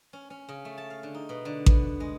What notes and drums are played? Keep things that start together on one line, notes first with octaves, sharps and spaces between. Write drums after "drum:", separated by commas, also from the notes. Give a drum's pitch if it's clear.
C#4
C#4
C#3
A3
A5
F5
D3
D#4
B2
D3
B3, drum: kick A1
G#3